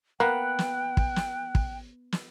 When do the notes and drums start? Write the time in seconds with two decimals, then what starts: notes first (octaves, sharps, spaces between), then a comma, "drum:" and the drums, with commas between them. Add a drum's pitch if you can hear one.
0.20 A#3 B3 G5 F#6
0.59 drum: snare
0.97 drum: kick
1.16 drum: snare
1.55 drum: kick
2.12 drum: snare